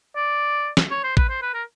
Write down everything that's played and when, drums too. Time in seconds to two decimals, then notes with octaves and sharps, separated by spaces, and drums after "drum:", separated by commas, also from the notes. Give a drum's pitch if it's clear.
0.16 D5
0.77 drum: snare
0.91 C#5
1.04 C5
1.17 B4, drum: kick A1
1.29 C5
1.42 B4
1.54 A#4